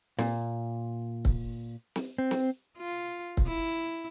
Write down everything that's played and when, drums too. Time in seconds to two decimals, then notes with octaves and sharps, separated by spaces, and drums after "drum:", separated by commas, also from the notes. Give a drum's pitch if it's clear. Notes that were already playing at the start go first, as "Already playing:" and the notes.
0.19 A#2, drum: snare
1.25 drum: kick C#1
1.96 drum: snare
2.18 C4
2.31 drum: snare
2.78 F4
3.37 drum: kick C#1
3.47 E4